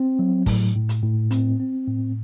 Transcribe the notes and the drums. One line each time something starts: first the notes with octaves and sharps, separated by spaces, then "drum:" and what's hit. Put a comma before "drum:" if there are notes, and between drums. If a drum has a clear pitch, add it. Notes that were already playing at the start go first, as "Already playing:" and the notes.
Already playing: C4
F#3
A2, drum: kick, open hi-hat
A2
drum: hi-hat
A2
C4, drum: hi-hat
C4
A2